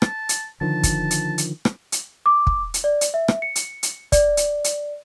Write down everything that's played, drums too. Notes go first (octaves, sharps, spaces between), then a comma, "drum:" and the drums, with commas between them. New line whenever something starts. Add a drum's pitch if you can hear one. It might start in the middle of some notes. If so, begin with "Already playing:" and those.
A5, drum: rim click
drum: hi-hat
D3 D#3 F3 A5
drum: kick, hi-hat
drum: hi-hat
drum: hi-hat
drum: rim click
drum: hi-hat
D6
drum: kick
drum: hi-hat
D5
drum: hi-hat
E5
drum: rim click
C#7
drum: hi-hat
drum: hi-hat
D5, drum: kick, hi-hat
drum: hi-hat
drum: hi-hat